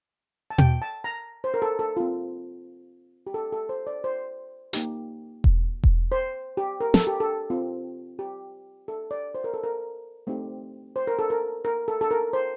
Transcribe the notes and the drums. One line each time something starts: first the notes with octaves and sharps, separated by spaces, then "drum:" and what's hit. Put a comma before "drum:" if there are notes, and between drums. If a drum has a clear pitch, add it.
A5
G5, drum: tom B2
A5
A#5
C5
A#4
A4
A4
C4 F4
G4
A4
A4
C5
D5
C5
A#3 D#4 G4, drum: hi-hat
drum: kick E1
drum: kick E1
C5
G4
A#4
A4, drum: snare
G4
A4
C4 F4
G4
A4
D5
C5
A#4
A4
A#4
A3 C4 D#4 G4
C5
A#4
A4
A#4
A#4
A4
A4
A#4
C5